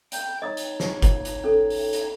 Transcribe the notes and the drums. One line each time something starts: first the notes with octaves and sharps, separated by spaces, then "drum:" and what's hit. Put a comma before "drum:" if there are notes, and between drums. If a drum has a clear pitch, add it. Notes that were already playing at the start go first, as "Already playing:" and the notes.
G5 G6, drum: hi-hat
D#4 C#5 D#5 D#6
drum: hi-hat
drum: snare
drum: kick F#1, hi-hat
drum: hi-hat
C#4 A4
drum: open hi-hat
drum: hi-hat